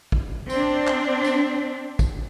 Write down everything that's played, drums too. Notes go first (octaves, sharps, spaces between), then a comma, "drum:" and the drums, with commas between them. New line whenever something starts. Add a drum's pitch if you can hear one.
drum: kick
C4 D4, drum: tambourine
drum: clap
drum: tambourine
drum: kick, tambourine